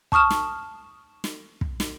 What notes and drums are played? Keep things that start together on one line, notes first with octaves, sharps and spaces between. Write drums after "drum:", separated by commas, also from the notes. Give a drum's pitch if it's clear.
A5 C#6 D#6 F6 E7, drum: kick
drum: snare
drum: snare
drum: kick
drum: snare